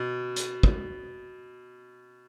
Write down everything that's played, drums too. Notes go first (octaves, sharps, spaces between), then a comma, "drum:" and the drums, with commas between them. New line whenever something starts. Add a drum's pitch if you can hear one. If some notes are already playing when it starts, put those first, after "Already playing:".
Already playing: B2
drum: hi-hat
drum: kick